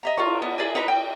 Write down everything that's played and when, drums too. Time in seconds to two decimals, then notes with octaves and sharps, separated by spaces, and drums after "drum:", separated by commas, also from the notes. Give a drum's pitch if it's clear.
0.03 D#5 E5 A#5
0.17 F4 A#5 C#6, drum: cymbal
0.42 B3
0.58 G#4 D5 E5 G#5
0.75 D#4 B4 A#5 B5
0.88 G5